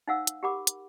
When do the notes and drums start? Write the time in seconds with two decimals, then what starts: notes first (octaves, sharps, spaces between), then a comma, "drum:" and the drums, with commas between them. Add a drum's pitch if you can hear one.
0.07 D#4 C5 F5 F#5 E6
0.27 drum: hi-hat
0.43 G4 A#4 F#5 B5 D6
0.67 drum: hi-hat